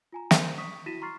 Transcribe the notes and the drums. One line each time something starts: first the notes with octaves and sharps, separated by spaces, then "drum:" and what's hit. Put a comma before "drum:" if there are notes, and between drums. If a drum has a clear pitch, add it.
F4 G#5 A#5
A#4 C5 E5 G#5 C6 G6, drum: snare
C#6 D#6 B6
E4 F#4 A#6 B6 D#7 E7
A#5 C6 C#6 F6 A6 C7